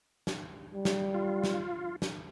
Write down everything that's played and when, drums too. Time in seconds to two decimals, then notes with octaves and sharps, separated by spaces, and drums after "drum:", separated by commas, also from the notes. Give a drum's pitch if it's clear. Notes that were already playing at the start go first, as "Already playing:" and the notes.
0.27 drum: snare
0.74 G3
0.85 drum: snare
1.14 F4
1.44 drum: snare
2.02 drum: snare